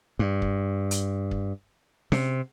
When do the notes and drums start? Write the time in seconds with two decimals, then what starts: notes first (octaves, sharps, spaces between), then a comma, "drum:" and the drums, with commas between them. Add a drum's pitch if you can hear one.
0.19 G2
0.42 drum: kick
0.91 drum: hi-hat
1.31 drum: kick
2.12 C3, drum: snare C#4